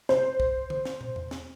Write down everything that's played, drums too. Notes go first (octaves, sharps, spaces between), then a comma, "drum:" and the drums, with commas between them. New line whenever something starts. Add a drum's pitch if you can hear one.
C5, drum: snare
drum: kick
drum: tom D3
drum: snare
drum: tom
drum: tom E2
drum: snare